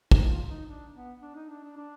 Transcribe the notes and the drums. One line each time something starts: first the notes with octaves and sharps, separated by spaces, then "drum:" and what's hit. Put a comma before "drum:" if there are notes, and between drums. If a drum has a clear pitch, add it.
D#4, drum: kick
F4
D#4
D4
B3
D4
D#4
D4
D4
D4